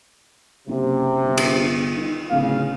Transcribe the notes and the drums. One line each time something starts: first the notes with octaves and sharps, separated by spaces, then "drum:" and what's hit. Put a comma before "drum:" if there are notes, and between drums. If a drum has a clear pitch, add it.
F#1 C3
G1
drum: cymbal
D#3
D1 C#3 F5